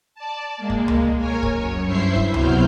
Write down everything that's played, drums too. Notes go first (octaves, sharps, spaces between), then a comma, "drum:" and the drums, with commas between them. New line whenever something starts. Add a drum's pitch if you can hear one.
D5 A5
G#3 A#3
drum: kick
drum: tom C#2
A#4 C#5 G#5
drum: kick
F#2 C#5
G2 E4 C5 E5 C7
drum: kick
C3 F#3 B3 E4 F6 G6, drum: tom C#2